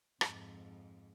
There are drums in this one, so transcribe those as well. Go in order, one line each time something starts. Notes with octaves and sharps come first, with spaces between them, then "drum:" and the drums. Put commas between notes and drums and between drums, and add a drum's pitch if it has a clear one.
F2 G#2, drum: rim click